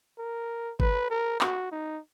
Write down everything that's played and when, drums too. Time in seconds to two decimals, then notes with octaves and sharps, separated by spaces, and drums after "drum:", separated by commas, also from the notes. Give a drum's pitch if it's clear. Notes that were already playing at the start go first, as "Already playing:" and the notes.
0.18 A#4
0.80 B4, drum: kick G1
1.10 A#4
1.41 F#4, drum: clap
1.72 D#4